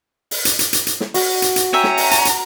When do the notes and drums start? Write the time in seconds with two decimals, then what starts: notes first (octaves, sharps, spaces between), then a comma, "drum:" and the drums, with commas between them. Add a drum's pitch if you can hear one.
0.31 drum: open hi-hat
0.45 drum: hi-hat
0.59 drum: hi-hat
0.73 drum: hi-hat
0.87 drum: hi-hat
1.00 drum: snare
1.14 F#4, drum: open hi-hat
1.42 drum: hi-hat
1.56 drum: hi-hat
1.73 C#4 E5 G5 A#5
1.84 drum: snare
1.97 drum: open hi-hat
2.11 drum: hi-hat
2.25 drum: hi-hat